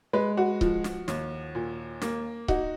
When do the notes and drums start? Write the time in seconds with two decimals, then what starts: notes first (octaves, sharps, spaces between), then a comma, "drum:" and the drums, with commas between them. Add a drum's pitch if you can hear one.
0.13 G#3 B4
0.37 F#4
0.61 F3, drum: kick C#1
0.84 drum: snare
1.08 D#2, drum: snare
1.55 A#2
2.02 A#3, drum: snare
2.48 D#4 F#4, drum: kick C#1